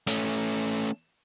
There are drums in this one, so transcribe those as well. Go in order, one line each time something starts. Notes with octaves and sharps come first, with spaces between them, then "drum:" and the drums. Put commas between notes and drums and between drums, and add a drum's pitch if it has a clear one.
A3 C#4, drum: hi-hat